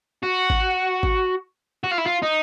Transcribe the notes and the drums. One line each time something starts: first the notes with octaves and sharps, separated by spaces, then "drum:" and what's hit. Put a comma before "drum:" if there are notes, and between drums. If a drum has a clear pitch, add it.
F#4
drum: kick G#1
drum: kick G#1
F#4
F4
E4
F4
D#4